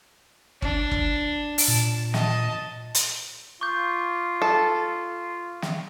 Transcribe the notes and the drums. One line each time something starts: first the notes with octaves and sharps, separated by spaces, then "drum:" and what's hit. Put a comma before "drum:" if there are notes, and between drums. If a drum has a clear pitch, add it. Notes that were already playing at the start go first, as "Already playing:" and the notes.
D4, drum: kick
drum: kick
drum: open hi-hat
A#2 A5
D#5 A5, drum: snare
drum: hi-hat
F4 C#6 D6 G6
A4
drum: snare